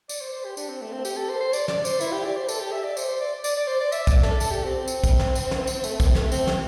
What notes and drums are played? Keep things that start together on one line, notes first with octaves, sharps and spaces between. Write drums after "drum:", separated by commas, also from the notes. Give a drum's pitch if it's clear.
D5, drum: tambourine
C5
C5
G4
D4, drum: tambourine
C4
A3
C4
G4, drum: tambourine
A4
C5
C5
D5, drum: tambourine
D5, drum: snare
C5, drum: tambourine
E4, drum: tambourine
G4
D5
C5
A4, drum: tambourine
G4
E5
D5
C5, drum: tambourine
C5
D5
D5, drum: tambourine
D5
C5
D5
E5, drum: tambourine
D5, drum: kick A#1, tambourine
A4, drum: snare
A4, drum: tambourine
G4
C4
C4
drum: tambourine
drum: kick A#1, tambourine
drum: snare
drum: tambourine
drum: snare
drum: tambourine
A3, drum: tambourine
C4, drum: kick A#1, tambourine
A3, drum: snare
C4, drum: tambourine
drum: snare